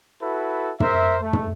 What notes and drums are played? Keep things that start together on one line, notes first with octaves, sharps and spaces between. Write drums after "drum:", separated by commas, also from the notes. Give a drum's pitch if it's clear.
E4 F#4 A4 B4
A#4 C5 E5, drum: tom
A3
drum: tom